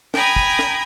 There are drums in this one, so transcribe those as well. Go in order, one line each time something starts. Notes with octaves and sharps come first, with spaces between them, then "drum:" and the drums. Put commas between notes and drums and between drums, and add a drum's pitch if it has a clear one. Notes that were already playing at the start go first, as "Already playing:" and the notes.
G5 G#5 A#5 B5 D#6 G#6, drum: snare
drum: kick
drum: snare